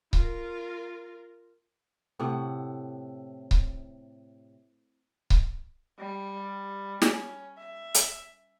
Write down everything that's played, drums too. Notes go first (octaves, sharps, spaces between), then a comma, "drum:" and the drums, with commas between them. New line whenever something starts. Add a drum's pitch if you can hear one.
F4 A#4, drum: kick C#1
A2 C3 F#5
drum: kick C#1
drum: kick C#1
G3
C#4, drum: snare
E5
drum: hi-hat